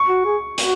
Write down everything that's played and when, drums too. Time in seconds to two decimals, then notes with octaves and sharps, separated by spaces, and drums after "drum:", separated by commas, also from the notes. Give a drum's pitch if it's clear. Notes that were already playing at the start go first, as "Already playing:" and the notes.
Already playing: C#6
0.08 F#4
0.25 G#4
0.58 F#4, drum: hi-hat